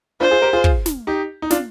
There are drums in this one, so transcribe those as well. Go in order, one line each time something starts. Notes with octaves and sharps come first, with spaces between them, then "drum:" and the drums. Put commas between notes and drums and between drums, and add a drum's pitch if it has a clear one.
D4 F4 C5
F4 G#4
G4 A#4
F4 G#4
drum: kick
drum: snare
D#4 G4
D#4
D4 F4, drum: snare